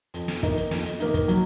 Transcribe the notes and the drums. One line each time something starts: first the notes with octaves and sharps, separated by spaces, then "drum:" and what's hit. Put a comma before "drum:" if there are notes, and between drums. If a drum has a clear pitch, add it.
F2, drum: hi-hat
drum: snare
D#3 A#3 D#4, drum: kick, hi-hat
drum: hi-hat
F2, drum: snare
drum: hi-hat
D#3 A#3 D#4, drum: hi-hat
drum: kick, hi-hat
F#3, drum: hi-hat